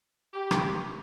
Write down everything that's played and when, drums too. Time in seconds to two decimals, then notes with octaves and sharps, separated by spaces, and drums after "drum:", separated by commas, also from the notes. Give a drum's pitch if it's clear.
0.34 G4
0.51 drum: rim click